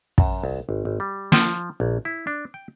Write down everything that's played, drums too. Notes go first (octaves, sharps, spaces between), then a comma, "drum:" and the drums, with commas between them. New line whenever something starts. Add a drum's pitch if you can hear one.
F#2, drum: kick
C2
G#1
G#1
G3
F3, drum: snare
A#1
E4
D4
G5